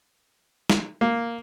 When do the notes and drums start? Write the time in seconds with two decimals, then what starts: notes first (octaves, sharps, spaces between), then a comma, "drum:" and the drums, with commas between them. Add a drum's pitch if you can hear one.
0.70 drum: snare
1.01 A#3